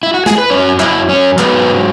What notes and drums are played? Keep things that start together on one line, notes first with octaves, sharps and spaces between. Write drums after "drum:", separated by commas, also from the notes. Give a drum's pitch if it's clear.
E4
F#4
G#4, drum: snare
B4
F#2 F#3 C#4 C#5
E4 E5, drum: clap
C#4 C#5
G#2 F#3 B3 B4, drum: clap